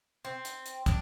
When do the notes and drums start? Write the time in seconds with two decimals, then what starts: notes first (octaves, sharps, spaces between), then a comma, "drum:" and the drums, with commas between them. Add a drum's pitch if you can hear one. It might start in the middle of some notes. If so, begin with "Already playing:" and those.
0.25 C4
0.45 drum: hi-hat
0.66 drum: hi-hat
0.86 D4, drum: kick, hi-hat